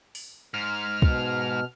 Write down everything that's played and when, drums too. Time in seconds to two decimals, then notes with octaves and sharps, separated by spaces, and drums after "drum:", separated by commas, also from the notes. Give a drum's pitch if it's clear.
0.15 drum: open hi-hat
0.54 G#2 F6
1.02 B2, drum: kick